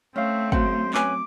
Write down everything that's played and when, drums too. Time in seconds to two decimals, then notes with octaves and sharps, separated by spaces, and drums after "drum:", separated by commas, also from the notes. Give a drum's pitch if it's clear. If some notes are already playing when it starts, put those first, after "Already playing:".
0.16 A3 C4 C#4 F5
0.52 F#3 C4 C5 F#5, drum: kick
0.94 C#4 B4 G#5 D6, drum: clap